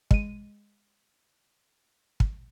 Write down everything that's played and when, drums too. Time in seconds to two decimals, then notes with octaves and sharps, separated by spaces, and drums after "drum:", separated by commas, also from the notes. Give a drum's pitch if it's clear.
0.11 G#3 D#7, drum: kick
2.20 drum: kick